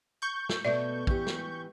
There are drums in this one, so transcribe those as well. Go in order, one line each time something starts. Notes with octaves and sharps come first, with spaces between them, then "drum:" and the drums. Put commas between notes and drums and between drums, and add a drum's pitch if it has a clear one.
C#6 G6
drum: snare
B2 A3 D5 E5
E3 G4, drum: kick
drum: snare